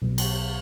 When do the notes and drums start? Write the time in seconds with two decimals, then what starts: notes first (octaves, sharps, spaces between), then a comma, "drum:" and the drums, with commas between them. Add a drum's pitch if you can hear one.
0.02 B1
0.18 drum: cymbal